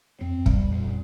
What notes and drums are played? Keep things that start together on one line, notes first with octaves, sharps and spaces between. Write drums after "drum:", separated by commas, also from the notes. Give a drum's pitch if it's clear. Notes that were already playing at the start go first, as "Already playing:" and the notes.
F2 C4
F2
G3, drum: kick
E2
F2 A#2